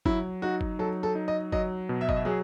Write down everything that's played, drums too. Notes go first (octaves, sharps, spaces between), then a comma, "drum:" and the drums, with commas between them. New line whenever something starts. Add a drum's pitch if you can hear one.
F#3 E4, drum: kick G1
D#4 F#4
drum: kick G1
F#3 A4
A4
D#4
D#5
F#3 D#5, drum: kick G1
B2
E5
D#5, drum: kick G1
E5
F#3 G#4